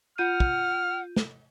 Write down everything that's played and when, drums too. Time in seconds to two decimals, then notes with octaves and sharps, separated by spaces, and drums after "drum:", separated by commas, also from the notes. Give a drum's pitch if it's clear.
0.18 F4 F#5 F6 G6 D#7
0.40 drum: kick
1.16 drum: snare